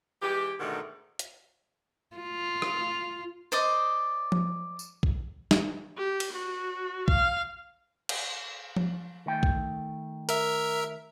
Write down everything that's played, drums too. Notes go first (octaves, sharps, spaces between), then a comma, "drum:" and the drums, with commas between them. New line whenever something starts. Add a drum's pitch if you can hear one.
E3 G#3 G4
G#2 B2 D3 D#3 A3
drum: hi-hat
F4
drum: rim click
C5 D5 D#5
drum: tom F3
drum: tambourine
drum: kick A#1
drum: snare
G4
drum: cymbal
F#4
F5, drum: kick A#1
drum: cymbal
drum: tom F3
D#3 A3 G5
drum: kick A#1
A#4 E5, drum: hi-hat